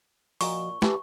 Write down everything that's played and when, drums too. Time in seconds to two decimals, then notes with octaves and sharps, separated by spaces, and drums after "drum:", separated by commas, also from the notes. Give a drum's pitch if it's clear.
0.41 A#2 F3 F#4 D#5 C#6, drum: open hi-hat
0.82 E3 G4 B4 A5, drum: snare